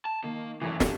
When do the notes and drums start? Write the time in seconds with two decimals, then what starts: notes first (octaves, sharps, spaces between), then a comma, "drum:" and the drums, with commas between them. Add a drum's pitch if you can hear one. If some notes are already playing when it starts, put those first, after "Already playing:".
0.05 A5
0.24 D#3 A#3
0.61 G#1 F#2 A2 E3
0.80 A#2 D3 A3 G4, drum: snare